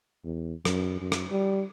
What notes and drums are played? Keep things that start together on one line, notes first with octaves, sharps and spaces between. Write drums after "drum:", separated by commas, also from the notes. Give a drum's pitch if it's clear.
E2
F#2, drum: rim click
F#2
drum: rim click
G3